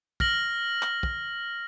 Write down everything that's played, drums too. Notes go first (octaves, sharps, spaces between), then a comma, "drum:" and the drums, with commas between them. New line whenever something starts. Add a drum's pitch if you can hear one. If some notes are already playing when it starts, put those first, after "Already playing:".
F6 A#6 F#7, drum: kick
drum: clap
drum: kick